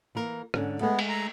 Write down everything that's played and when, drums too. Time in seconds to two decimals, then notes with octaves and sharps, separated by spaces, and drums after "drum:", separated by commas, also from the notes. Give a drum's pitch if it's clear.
0.15 E3 A#3 A#4
0.54 G#2 D3 C#4, drum: rim click
0.81 G#3 A3 B3
0.99 drum: cymbal
1.09 A#5